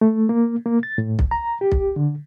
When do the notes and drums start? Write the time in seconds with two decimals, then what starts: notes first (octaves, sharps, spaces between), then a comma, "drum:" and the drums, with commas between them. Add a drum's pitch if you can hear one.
0.01 A3
0.29 A#3
0.66 A#3
0.83 A6
0.98 A2
1.19 drum: kick B1
1.31 A#5
1.61 G4
1.72 drum: kick B1
1.96 D3